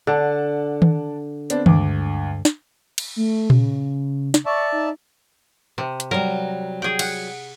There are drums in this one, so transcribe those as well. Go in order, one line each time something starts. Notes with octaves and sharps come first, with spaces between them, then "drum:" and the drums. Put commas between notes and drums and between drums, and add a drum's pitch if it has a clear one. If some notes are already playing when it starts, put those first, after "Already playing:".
D3 D5 F#5 A5
drum: tom D#3
B3 C4 D4, drum: hi-hat
D2 G2 D3 G#3 D6, drum: tom D#3
drum: snare
drum: cymbal
A3
C#3, drum: tom A#2
drum: snare
D5 E5 A5 C#6
D#4
C3
drum: hi-hat
F#3 G3 A#4
G#4 G5
F#5, drum: cymbal